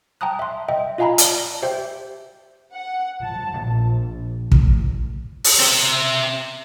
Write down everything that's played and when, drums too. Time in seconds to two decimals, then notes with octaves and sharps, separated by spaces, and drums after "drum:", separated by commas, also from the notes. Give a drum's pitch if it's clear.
0.21 G5 A5 A#5 D#6 F#6
0.39 E5 C6
0.69 D#5 E5 G5
0.98 F4 D#5 F5 G#5 A#5 B5
1.18 D5 A5, drum: hi-hat
1.62 G4 C5 E5 G5 G6
2.72 F#5
3.23 A5
3.61 A#1
4.52 A1, drum: kick
5.44 drum: open hi-hat
5.59 C4 E5